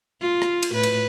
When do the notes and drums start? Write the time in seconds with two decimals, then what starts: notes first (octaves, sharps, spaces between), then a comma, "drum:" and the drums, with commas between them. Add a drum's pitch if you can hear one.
0.21 F4
0.42 drum: rim click
0.63 drum: cymbal
0.72 A2 B4
0.83 drum: cymbal